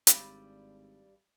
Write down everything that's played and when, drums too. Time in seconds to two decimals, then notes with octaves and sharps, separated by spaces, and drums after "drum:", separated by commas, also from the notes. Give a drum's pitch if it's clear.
0.07 G#1 G2 G3, drum: hi-hat